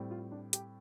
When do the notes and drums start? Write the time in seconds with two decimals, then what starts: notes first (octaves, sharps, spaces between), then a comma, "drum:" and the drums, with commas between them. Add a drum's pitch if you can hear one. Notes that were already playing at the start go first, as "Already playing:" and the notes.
Already playing: A2 G3 C4
0.11 F4
0.32 D4
0.53 G4, drum: hi-hat